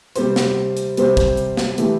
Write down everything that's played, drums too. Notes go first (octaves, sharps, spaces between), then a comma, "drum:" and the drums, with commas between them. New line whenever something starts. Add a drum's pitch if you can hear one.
C3 G3 C4 G4 C5, drum: hi-hat
drum: snare
drum: hi-hat
C3 G3 C4 G4 C5, drum: hi-hat
drum: kick, hi-hat
drum: hi-hat
drum: snare
E3 A3 E4 G4, drum: hi-hat